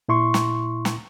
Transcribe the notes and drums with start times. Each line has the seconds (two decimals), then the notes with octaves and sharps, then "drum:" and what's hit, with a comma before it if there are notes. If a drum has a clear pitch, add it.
0.08 A#2 E4 C6 C#6
0.34 drum: snare
0.85 drum: snare